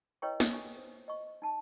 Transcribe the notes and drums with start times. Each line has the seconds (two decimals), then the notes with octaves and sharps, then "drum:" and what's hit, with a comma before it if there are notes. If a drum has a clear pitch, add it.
0.22 E4 B4 C#5 D#5 G5 C#6
0.40 C#5 E5 D#6, drum: snare
0.53 C#5 G#5 C#6
0.77 C5
1.08 D#5 C#6
1.42 D#4 A5